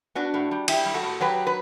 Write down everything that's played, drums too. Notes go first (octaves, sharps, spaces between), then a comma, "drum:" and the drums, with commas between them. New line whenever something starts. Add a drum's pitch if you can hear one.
B3 D4 F#4
A2
G3
G3 E4 G4, drum: cymbal
G3
F#4 A4
A2
F#3 G4 B4
B4